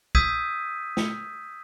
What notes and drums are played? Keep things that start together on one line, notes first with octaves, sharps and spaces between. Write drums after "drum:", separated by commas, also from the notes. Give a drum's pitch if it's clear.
D#6 E6 G6 G#6 B6 D#7, drum: kick
drum: snare